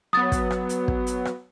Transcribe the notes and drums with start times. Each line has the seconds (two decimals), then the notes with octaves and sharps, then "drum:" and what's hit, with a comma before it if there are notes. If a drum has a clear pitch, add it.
0.13 F#3 B3 D#6 A6
0.32 drum: kick, hi-hat
0.51 drum: rim click
0.69 drum: hi-hat
0.88 drum: kick
1.07 drum: hi-hat
1.25 drum: rim click